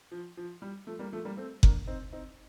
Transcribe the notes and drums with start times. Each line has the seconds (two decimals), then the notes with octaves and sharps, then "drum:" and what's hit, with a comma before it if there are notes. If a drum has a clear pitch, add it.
0.12 F3
0.37 F3
0.62 G3
0.87 F3 A3
0.99 G3 A#3
1.12 F3 A3
1.25 G3 A#3
1.37 A3 C4
1.63 A#3 D4, drum: kick F#1
1.87 C4 D#4
2.13 C4 D#4